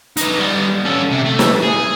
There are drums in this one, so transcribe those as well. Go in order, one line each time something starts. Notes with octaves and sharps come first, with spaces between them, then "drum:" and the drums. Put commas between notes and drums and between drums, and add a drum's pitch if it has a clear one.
D#4 B4, drum: hi-hat
G3 B3
C#4 A4
C3
A3
drum: snare
G#4